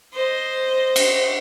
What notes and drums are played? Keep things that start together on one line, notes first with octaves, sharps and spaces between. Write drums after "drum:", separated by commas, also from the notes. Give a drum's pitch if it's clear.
C5 D#5
drum: cymbal